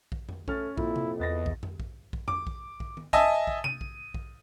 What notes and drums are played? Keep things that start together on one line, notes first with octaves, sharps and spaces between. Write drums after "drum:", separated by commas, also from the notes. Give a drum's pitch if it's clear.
drum: kick A#1
drum: tom F2
A3 C#4 F6 A6, drum: kick A#1
F2 A#2 E4, drum: kick A#1
drum: tom C3
E2 B4 D#5 A6 A#6
drum: kick A#1
drum: tom F2
drum: kick A#1
drum: kick A#1
D6, drum: tom F2
drum: kick A#1
drum: kick A#1
drum: tom D#3
D#5 E5 G#5 A5, drum: kick A#1
drum: kick A#1
D#7, drum: tom C3
drum: kick A#1
drum: kick A#1